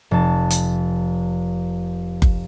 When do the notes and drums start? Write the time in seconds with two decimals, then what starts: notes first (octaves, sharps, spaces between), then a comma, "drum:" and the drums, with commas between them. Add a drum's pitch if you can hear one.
0.11 F1 A5
0.50 drum: hi-hat
2.22 drum: kick F#1